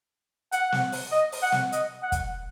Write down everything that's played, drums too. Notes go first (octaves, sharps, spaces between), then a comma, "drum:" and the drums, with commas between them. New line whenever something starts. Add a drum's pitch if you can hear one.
F#5, drum: hi-hat
drum: snare
drum: open hi-hat
D#5
drum: open hi-hat
F#5
drum: snare
D#5, drum: hi-hat
F#5
drum: kick, hi-hat